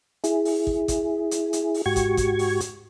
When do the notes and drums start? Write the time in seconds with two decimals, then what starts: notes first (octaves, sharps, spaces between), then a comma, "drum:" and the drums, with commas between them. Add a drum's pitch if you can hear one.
0.24 E4 G#4, drum: hi-hat
0.45 drum: open hi-hat
0.67 drum: kick
0.88 drum: kick, hi-hat
1.31 drum: hi-hat
1.53 drum: hi-hat
1.74 drum: open hi-hat
1.86 G#2 F#4 G4 C#6 G#6
1.96 drum: kick, hi-hat
2.17 drum: kick, hi-hat
2.39 drum: open hi-hat
2.60 drum: hi-hat